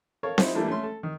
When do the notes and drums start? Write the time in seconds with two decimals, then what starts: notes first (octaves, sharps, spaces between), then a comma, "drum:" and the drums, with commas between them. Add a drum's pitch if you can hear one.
0.23 A4 A#4 C#5 F5
0.38 F3 C4 D#4 E4, drum: snare C4
0.54 E3 G3 A3 A#3 D4 E4
0.68 A3 C#4 C6
0.83 A4
1.03 D#3